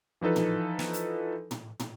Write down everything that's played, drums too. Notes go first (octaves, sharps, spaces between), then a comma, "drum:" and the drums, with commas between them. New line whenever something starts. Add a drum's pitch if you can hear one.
E3 F3 D#4 A4 B4
drum: tom
drum: snare
drum: hi-hat
drum: tom
drum: tom